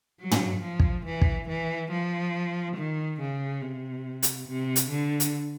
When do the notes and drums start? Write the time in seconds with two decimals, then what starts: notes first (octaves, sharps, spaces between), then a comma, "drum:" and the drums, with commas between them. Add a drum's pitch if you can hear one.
0.20 F#3
0.31 drum: tom
0.62 F3
0.80 drum: kick
1.05 E3
1.21 drum: kick
1.48 E3
1.91 F3
2.76 D#3
3.20 C#3
3.62 C3
4.23 drum: hi-hat
4.47 C3
4.76 drum: hi-hat
4.90 D3
5.20 drum: hi-hat